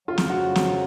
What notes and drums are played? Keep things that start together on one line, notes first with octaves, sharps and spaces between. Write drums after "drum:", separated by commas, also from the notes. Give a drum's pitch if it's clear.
F2 C#3 F#3 F4
drum: snare
F#4
drum: snare